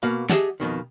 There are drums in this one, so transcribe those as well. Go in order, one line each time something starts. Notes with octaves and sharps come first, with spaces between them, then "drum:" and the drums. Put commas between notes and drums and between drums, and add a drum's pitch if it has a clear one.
B2 A#3 F#4 F5
G4 G#4 D#5 E5 F#5 A5, drum: snare
F2 G#2 B2 D#3